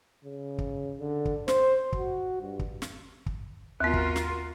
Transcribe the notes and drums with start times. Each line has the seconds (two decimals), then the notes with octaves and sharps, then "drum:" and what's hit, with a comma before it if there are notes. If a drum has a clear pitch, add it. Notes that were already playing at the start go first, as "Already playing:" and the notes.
0.25 C#3
0.58 drum: kick
1.00 D3
1.25 drum: kick
1.48 C5, drum: snare
1.93 F#4, drum: kick
2.41 G2
2.59 drum: kick
2.82 drum: snare
3.26 drum: kick
3.80 D#2 B3 F4 F#4 A#4
3.93 drum: kick
4.16 drum: snare